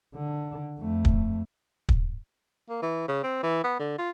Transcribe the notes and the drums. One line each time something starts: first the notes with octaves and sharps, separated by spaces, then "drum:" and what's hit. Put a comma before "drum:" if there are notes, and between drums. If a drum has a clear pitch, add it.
D3
F2 A3
drum: kick
drum: kick
A#3
E3
C#3
C4
E3
B3
D3
F4